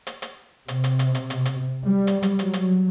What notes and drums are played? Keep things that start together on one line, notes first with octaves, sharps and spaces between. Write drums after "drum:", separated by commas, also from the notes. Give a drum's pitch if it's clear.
drum: hi-hat
drum: hi-hat
C3, drum: hi-hat
drum: hi-hat
drum: hi-hat
drum: hi-hat
drum: hi-hat
drum: hi-hat
G3
drum: hi-hat
drum: hi-hat
F#3, drum: hi-hat
drum: hi-hat